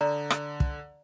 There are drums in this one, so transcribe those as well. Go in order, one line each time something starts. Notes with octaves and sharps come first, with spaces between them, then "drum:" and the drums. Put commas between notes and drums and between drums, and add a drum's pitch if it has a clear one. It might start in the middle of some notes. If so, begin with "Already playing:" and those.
D3 D5 A#5 D#6
drum: rim click
drum: kick